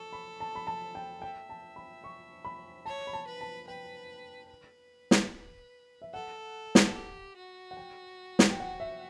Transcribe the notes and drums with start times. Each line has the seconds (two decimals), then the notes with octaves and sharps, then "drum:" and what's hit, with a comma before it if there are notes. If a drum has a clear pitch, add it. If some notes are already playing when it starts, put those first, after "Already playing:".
Already playing: A4 C#6
0.13 B5
0.40 A5
0.55 B5
0.67 A5
0.95 G5
1.22 E5 G5
1.49 A5
1.76 B5
2.04 C#6
2.45 B5
2.86 C#5 A5
3.07 B5
3.13 A5
3.27 B4
3.41 A5
3.67 B4 G5
4.50 B4
5.11 drum: snare
6.02 E5
6.14 A4 F#5
6.75 drum: snare
6.96 G4
7.36 F#4
7.71 F#5
7.77 G5
8.39 drum: snare
8.50 G5
8.60 F#5
8.80 E5